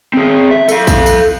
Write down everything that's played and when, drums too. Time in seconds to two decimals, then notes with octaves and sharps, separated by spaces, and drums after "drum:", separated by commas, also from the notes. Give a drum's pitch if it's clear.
0.14 C4 G#4
0.51 E5
0.69 A4 F5, drum: tambourine
0.87 drum: kick A#1, tambourine
1.06 drum: tambourine